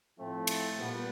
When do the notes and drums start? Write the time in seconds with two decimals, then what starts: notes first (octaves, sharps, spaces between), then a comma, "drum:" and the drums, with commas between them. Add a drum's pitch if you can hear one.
0.19 A2 F3 A3 C4
0.47 drum: cymbal
0.79 A#2 G3 B3